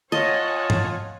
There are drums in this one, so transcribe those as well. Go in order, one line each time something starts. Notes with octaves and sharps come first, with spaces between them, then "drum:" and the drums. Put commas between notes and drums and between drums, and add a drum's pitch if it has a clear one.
F4 C#5 D#5 F#5 G#5 A5
drum: tom G2